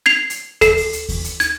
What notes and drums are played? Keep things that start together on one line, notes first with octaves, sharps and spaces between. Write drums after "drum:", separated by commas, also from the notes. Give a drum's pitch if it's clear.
G#6 C7 F7
drum: hi-hat
A4 C7, drum: kick D#2, hi-hat
drum: open hi-hat
drum: hi-hat
drum: kick D#2, open hi-hat
drum: hi-hat
G#6, drum: hi-hat